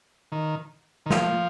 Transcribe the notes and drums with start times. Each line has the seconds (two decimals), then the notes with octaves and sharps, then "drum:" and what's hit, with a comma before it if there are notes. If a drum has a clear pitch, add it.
0.32 D#3
1.06 D#3
1.10 F3, drum: snare